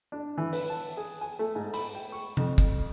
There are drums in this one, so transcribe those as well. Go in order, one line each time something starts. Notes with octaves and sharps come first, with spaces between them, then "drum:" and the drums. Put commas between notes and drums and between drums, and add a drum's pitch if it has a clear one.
D4
E3
B4, drum: open hi-hat
A5
G#4
G#5
A3
G#2
B5, drum: open hi-hat
G5
C#6
F2, drum: tom
drum: kick, hi-hat